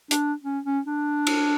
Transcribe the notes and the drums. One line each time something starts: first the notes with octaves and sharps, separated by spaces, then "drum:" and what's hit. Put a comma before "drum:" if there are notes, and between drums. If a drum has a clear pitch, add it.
D4, drum: hi-hat
C#4
C#4
D4
drum: cymbal